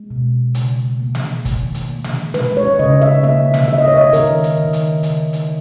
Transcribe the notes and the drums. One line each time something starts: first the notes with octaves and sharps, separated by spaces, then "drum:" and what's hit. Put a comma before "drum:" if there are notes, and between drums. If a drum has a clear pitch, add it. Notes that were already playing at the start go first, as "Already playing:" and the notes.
Already playing: G#3
B2
C#3, drum: hi-hat
A#3
drum: snare
D#3, drum: kick, hi-hat
drum: hi-hat
A#3
drum: snare
G#3 B4, drum: snare
C#5
C#3 D#5
E5
A#3 E5
drum: snare
A#3 E5
D#5
C#5
D#5
D#3 A#4, drum: hi-hat
drum: hi-hat
D#3
drum: hi-hat
C#3, drum: hi-hat
drum: hi-hat